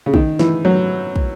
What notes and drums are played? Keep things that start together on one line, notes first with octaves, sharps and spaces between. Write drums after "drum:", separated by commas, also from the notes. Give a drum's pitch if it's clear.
C#3
D#3, drum: kick
E3, drum: snare
F#3
drum: kick